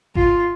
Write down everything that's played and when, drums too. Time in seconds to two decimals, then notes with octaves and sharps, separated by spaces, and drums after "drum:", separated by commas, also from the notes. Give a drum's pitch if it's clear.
0.15 F4, drum: kick G#1